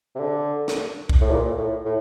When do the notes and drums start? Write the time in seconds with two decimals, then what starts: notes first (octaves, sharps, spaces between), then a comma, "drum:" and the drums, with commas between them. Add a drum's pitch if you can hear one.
0.16 C3
0.20 D3
0.68 drum: snare
1.09 drum: kick C2
1.21 A2
1.30 A#2
1.58 A2
1.86 A2